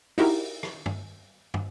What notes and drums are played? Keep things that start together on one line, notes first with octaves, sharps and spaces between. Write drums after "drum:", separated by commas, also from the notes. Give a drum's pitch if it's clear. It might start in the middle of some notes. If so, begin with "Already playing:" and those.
D#4 E4 F#4 G4 A#4, drum: open hi-hat
drum: rim click
drum: tom
drum: tom